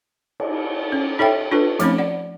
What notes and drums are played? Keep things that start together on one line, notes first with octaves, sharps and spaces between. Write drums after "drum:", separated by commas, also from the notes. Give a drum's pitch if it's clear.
drum: cymbal
C#4
D#4 A4 C#5 E5 G5
D4 F4 A4 B4
F3 A3 C4 C#4 D#4, drum: hi-hat
D5 F#5